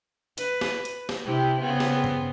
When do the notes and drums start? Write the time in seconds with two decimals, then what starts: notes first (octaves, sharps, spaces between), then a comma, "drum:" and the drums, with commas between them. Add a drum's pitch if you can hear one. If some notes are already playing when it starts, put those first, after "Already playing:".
0.38 B4, drum: hi-hat
0.61 drum: snare
0.85 drum: hi-hat
1.09 drum: snare
1.25 C3 E4 G4
1.61 C#3 B3 C4
1.80 drum: snare
2.04 drum: tom G2